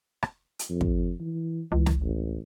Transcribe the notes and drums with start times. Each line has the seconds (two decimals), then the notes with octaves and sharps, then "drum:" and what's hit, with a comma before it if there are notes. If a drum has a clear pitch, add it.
0.23 drum: rim click
0.59 drum: hi-hat
0.70 F2
0.81 drum: kick
1.20 E3
1.72 C#2 E3
1.86 drum: snare
2.02 A1